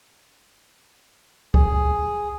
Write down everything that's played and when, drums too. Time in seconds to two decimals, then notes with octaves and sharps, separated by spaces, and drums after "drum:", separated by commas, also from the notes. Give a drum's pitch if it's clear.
1.54 G#4, drum: kick C#2